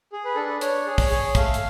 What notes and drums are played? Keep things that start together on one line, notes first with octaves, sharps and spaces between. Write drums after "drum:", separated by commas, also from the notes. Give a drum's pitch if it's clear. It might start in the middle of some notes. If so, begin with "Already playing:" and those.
G#4
B4
D4 A4
B4
D4 C#5, drum: hi-hat
G#4
C#5, drum: kick, open hi-hat
G#4
A3 F5, drum: kick, hi-hat
drum: hi-hat